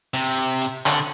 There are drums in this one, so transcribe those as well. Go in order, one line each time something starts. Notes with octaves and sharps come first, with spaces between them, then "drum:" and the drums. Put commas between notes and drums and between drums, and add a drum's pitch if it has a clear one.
C3, drum: hi-hat
drum: hi-hat
drum: hi-hat
D3, drum: clap